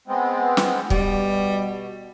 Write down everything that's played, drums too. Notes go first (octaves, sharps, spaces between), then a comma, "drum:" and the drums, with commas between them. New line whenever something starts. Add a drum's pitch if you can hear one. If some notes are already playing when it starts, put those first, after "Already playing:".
G#3 B3 C4
drum: snare
B2 G3, drum: kick